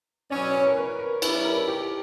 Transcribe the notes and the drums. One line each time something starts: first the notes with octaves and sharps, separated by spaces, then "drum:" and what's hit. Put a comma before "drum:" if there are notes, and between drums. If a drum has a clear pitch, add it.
B2 F#3 C#4 D5
C#5
A#4
B4
A#4
G3 C#4 E4 B4, drum: cymbal
A#4
G4